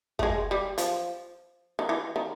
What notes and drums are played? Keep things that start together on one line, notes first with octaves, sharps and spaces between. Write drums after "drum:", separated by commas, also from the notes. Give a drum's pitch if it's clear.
A3, drum: kick
G#3
G3
F3, drum: hi-hat
D#3
E3
D#3